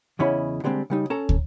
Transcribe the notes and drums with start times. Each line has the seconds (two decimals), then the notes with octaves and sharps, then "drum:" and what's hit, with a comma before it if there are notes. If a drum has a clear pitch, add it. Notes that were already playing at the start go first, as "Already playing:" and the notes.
0.19 E2 C#3 C#4 E4 D#5 B5
0.64 D3 G3 G#3 C4
0.90 C#3 G3 D#4
1.10 C#4 A4 A5 A#5
1.29 drum: kick